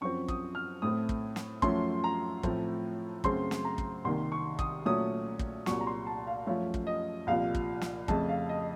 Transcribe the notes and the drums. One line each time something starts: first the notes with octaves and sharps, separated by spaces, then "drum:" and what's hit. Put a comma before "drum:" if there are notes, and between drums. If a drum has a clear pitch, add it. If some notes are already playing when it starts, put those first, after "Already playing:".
F#2 F3 C4 C#6
D#6, drum: kick
F6
A2 A3 C4 D#6
drum: kick
drum: snare
F#2 F3 A3 C#4 C6, drum: kick
A#5
A2 F3 A3 C4, drum: kick
F#2 C#3 A3 C4 C6, drum: kick
drum: snare
A#5
drum: kick
C2 C3 D#3 A#3 C6
C#6
D#6, drum: kick
A#2 F#3 A3 C#4 D#6
drum: kick
C2 A#2 F#3 C#6, drum: snare
A#5
C6
A5
F5
F#2 F3 A3 C#4 F5
drum: kick
D#5
C2 A#2 F3 F5
drum: kick
drum: snare
F2 C#3 A3 A5, drum: kick
F5
D#5